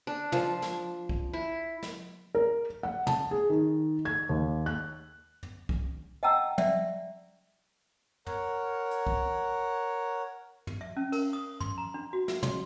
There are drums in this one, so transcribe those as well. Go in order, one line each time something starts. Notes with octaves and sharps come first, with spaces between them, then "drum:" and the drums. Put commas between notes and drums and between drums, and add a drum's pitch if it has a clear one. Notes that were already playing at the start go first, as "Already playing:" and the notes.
D4
F3, drum: tom
drum: snare
drum: kick
E4
drum: snare
A#4
F#5
A5, drum: tom
G#4
D#3
G#6
D#2
F#6
drum: tom
drum: kick
D#5 F#5 G5 A5 A#5 E6
D5 E5, drum: tom
A#4 C#5 F#5, drum: tom
drum: hi-hat
drum: kick
drum: tom
E5
C#4
A#4, drum: cymbal
D#6
C6, drum: tom
A#5
D4
F#4
E5, drum: snare
C6, drum: tom